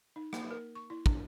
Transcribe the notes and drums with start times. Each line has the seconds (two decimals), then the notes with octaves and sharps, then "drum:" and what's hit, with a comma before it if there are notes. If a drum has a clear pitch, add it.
0.16 D#4
0.33 A#3, drum: rim click
0.51 A#4
0.75 C#6
0.90 E4
1.06 D4, drum: kick